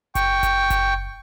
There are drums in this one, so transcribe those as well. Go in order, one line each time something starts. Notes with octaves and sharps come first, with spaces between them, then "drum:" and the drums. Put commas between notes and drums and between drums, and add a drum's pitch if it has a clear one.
G5 C#6, drum: kick F#1, hi-hat
drum: kick F#1, hi-hat
drum: kick F#1, hi-hat